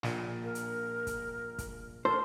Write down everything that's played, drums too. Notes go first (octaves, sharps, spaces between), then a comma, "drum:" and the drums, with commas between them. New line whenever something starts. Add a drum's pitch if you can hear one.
A#1 A#2, drum: snare
A#4
drum: hi-hat
drum: kick, hi-hat
drum: kick, hi-hat
A4 A#4 C5